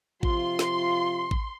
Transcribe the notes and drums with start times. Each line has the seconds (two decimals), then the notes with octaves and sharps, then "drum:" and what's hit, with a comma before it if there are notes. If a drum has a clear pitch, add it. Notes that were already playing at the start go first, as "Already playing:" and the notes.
0.23 C3 F3 F4 C6, drum: kick A1
0.59 drum: snare
1.31 drum: kick A1